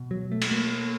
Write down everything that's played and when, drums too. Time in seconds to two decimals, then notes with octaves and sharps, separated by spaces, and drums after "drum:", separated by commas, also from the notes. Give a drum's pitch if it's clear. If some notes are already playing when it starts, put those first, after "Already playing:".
Already playing: B2
0.11 F#3
0.32 A3
0.42 drum: cymbal
0.51 A#3